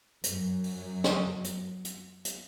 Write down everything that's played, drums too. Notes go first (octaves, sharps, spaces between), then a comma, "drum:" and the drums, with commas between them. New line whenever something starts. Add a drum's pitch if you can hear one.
F#2 F#3, drum: hi-hat
drum: open hi-hat
drum: snare
drum: hi-hat
drum: hi-hat
drum: hi-hat